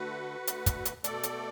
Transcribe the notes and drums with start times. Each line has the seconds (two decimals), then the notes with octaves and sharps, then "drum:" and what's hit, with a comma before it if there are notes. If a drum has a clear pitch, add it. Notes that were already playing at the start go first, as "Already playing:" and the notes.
Already playing: D3 A3 F#4 B4
0.47 D3 A3, drum: hi-hat
0.66 drum: kick, hi-hat
0.85 drum: hi-hat
1.04 B2 A3 A4 D5, drum: hi-hat
1.23 drum: hi-hat